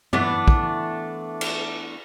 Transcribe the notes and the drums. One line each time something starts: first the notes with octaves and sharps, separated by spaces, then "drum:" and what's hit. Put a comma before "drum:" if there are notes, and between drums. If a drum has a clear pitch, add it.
E3 A3 B3 D4, drum: tom
drum: kick
drum: cymbal